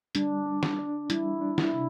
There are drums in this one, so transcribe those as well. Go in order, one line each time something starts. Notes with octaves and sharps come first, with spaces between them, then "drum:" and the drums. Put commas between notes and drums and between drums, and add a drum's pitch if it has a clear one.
G3 D4, drum: hi-hat
D4
drum: snare
D4
G3 E4, drum: hi-hat
D4
E4, drum: snare
C3